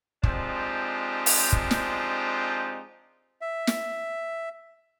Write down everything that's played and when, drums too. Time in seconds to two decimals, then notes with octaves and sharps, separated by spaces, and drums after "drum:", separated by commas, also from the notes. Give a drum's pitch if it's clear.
0.23 F3 G#3 C4 D4 D#4 G4, drum: kick
1.26 drum: open hi-hat
1.52 drum: kick
1.71 drum: snare
3.41 E5
3.67 drum: snare